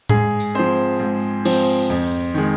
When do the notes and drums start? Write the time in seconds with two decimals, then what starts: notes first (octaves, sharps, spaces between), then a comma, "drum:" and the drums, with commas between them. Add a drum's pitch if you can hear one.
0.09 G#2 G#4, drum: tom A2
0.40 drum: tambourine
0.55 F3 C4 C5
1.00 G#2
1.45 F3 C4, drum: open hi-hat
1.90 F2
2.34 D#3 G#3